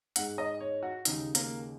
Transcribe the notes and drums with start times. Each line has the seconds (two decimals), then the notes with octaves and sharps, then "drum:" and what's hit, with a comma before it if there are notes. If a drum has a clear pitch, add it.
0.16 G#2 G#3 F#5, drum: hi-hat
0.38 D#5
0.60 C#5
0.83 F#4
1.05 D#2 C#3 G#3 D#4, drum: hi-hat
1.35 A#3, drum: hi-hat